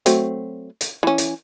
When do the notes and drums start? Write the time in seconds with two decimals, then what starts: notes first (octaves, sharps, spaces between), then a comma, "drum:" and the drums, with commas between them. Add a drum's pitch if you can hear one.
0.06 F#3 A3 C4, drum: hi-hat
0.81 drum: hi-hat
1.03 E3 C#4
1.18 drum: hi-hat